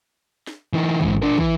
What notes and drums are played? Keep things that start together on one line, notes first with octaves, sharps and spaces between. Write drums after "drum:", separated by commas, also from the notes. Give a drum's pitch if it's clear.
drum: snare
E3 D#4
G#2 E3, drum: kick
D4 A#4
E3, drum: kick